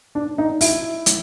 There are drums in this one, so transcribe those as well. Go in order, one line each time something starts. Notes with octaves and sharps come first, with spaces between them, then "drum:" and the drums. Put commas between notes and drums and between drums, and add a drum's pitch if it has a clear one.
D4
D#4
E4, drum: open hi-hat
drum: hi-hat